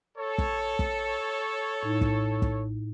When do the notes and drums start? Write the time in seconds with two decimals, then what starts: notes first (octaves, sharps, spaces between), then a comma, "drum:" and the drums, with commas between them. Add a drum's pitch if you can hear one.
0.18 A4 C#5
0.38 drum: kick
0.79 drum: kick
1.83 A2 D#4 E4
2.01 drum: kick
2.42 drum: kick